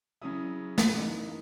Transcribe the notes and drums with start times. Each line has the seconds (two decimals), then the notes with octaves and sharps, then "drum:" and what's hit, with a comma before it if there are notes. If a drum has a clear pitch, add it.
0.22 C#3 F#3 C#4 E4 D#6
0.78 drum: snare
0.97 F#2 E3 A#3 D#4